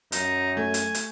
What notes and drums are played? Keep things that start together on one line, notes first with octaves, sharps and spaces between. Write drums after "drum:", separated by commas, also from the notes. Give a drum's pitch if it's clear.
F#2 D#4, drum: hi-hat
A3 G#5
drum: hi-hat
drum: hi-hat